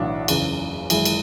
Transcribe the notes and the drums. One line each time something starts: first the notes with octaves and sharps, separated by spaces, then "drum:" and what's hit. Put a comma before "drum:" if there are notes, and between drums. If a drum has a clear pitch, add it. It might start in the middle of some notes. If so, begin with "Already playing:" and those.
Already playing: B1 A2 E3 D4 F#4
F#1 E2 C#3, drum: cymbal
G#1 F#2 E3 E4 G#4, drum: cymbal
drum: cymbal